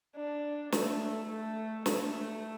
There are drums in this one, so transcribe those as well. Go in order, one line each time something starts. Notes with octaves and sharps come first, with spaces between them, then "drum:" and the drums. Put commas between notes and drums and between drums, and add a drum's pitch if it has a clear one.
D4
A3, drum: snare
A3
A3, drum: snare